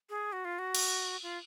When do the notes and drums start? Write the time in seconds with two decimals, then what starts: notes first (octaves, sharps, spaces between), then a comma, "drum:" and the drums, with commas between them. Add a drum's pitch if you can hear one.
0.09 G#4
0.33 F#4
0.45 F4
0.59 F#4
0.75 drum: cymbal
1.23 F4